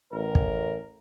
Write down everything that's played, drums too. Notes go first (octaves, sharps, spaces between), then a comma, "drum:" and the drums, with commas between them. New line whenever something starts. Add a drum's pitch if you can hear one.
A1 A#4
drum: kick